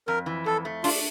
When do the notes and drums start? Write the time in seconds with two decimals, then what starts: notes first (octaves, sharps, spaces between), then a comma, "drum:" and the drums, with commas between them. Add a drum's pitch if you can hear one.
0.07 F2 A#4
0.26 E3
0.46 F2 A4
0.65 A3
0.84 D4 F4, drum: open hi-hat